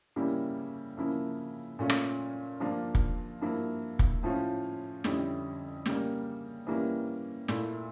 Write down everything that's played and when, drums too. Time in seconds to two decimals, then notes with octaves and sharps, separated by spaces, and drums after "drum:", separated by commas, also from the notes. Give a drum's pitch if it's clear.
0.16 C#3 G3 A#3 C#4 E4
0.97 C#3 F3 A#3 E4
1.79 A#2 A3 C#4 F4
1.90 drum: rim click
2.60 G2 F3 A#3 D4 F4
2.95 drum: kick
3.41 G2 F3 A#3 E4
3.99 drum: kick
4.23 A2 F3 C#4 F4
5.04 F2 D3 G3 C#4 E4, drum: snare
5.86 C#3 G3 A#3, drum: snare
6.67 E3 G3 A#3 C#4
7.48 A#2 A3 E4, drum: snare